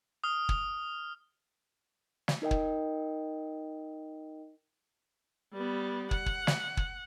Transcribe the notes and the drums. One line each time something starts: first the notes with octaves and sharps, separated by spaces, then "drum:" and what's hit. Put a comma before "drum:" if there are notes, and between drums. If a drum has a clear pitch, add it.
D#6 F6
drum: kick
drum: snare
D#4 A#4 D#5 G5
drum: kick
G3 B3
F#5, drum: kick
drum: kick
drum: snare
drum: kick